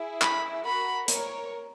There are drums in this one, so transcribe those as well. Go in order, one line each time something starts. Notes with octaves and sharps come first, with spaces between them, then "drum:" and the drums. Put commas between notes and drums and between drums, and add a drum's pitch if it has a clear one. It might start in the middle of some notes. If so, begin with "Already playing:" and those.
Already playing: E4 G#4
B5, drum: clap
F#4 A#4 B5
A#4 C#5, drum: hi-hat